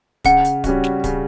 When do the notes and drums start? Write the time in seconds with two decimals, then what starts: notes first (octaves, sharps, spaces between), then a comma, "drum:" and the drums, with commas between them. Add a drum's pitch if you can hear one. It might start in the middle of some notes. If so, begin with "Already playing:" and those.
0.24 C#3 F#5, drum: kick D1, hi-hat
0.45 drum: hi-hat
0.64 G3 C#4 F#4, drum: kick D1, hi-hat
0.84 drum: snare
1.04 C#3, drum: kick D1, hi-hat